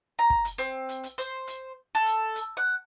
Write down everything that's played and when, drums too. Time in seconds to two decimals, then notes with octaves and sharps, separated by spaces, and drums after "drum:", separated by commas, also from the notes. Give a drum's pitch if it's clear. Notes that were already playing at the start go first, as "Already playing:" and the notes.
0.19 A#5
0.30 drum: kick
0.45 drum: hi-hat
0.58 C4
0.89 drum: hi-hat
1.03 drum: hi-hat
1.18 C5, drum: hi-hat
1.47 drum: hi-hat
1.95 A4
2.06 drum: hi-hat
2.35 drum: hi-hat
2.57 F#5